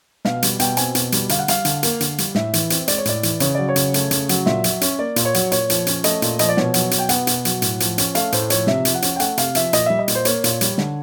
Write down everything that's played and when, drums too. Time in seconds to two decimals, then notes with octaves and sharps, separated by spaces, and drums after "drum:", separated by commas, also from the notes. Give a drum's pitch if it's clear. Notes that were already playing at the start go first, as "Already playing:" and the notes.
0.25 B2 F5, drum: snare
0.42 G3, drum: hi-hat
0.60 B2 G5, drum: hi-hat
0.77 C4 G#5, drum: hi-hat
0.95 B2, drum: hi-hat
1.12 G3, drum: hi-hat
1.29 D3 F5, drum: hi-hat
1.39 F#5
1.48 G3 F5, drum: hi-hat
1.65 D3, drum: hi-hat
1.83 A#3, drum: hi-hat
2.00 D3, drum: hi-hat
2.18 G3, drum: hi-hat
2.35 A2 E5, drum: snare
2.53 E3, drum: hi-hat
2.70 C4, drum: hi-hat
2.88 G#3 D5, drum: hi-hat
2.98 C#5
3.05 A2 D5, drum: hi-hat
3.23 E3, drum: hi-hat
3.40 C#3 C#5, drum: hi-hat
3.55 F#3 D5
3.69 C#5
3.76 C#3, drum: hi-hat
3.94 A3, drum: hi-hat
4.11 C#3, drum: hi-hat
4.29 F#3, drum: hi-hat
4.46 A#2 E5, drum: snare
4.64 F#3, drum: hi-hat
4.81 C#4, drum: hi-hat
4.99 A#3 D5
5.16 A#2, drum: hi-hat
5.25 C#5
5.34 F#3, drum: hi-hat
5.52 A#2 C#5, drum: hi-hat
5.70 F3, drum: hi-hat
5.87 C#4, drum: hi-hat
6.04 A3 D#5, drum: hi-hat
6.22 A#2, drum: hi-hat
6.39 F3 D#5, drum: hi-hat
6.49 D5
6.57 B2 C#5, drum: snare
6.74 F#3, drum: hi-hat
6.91 B2, drum: hi-hat
6.99 G5
7.09 B3 F#5, drum: hi-hat
7.27 B2, drum: hi-hat
7.45 F#3, drum: hi-hat
7.62 A2, drum: hi-hat
7.80 F3, drum: hi-hat
7.98 C#4, drum: hi-hat
8.15 A3 F5, drum: hi-hat
8.32 A2 C5, drum: hi-hat
8.50 F3 C#5, drum: hi-hat
8.67 C3 E5, drum: snare
8.85 F3, drum: hi-hat
8.94 F#5
9.02 C#4, drum: hi-hat
9.16 G5
9.20 A3 F#5, drum: hi-hat
9.37 C3 F5, drum: hi-hat
9.55 F3 E5, drum: hi-hat
9.73 A#2 D#5, drum: hi-hat
9.86 G3 E5
9.99 D#5
10.08 A#2, drum: hi-hat
10.15 C5
10.25 A#3 C#5, drum: hi-hat
10.44 A#2, drum: hi-hat
10.61 G3, drum: hi-hat
10.78 D3, drum: snare